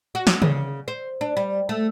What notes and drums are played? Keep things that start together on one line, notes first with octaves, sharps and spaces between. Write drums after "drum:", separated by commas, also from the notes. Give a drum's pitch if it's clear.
F#4
drum: snare
C#3, drum: tom C#3
C5
D4
G3
A3